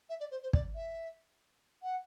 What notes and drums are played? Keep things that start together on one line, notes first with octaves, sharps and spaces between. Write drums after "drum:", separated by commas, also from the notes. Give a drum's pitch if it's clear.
E5
D5
C5
C5
D5, drum: kick
E5
F#5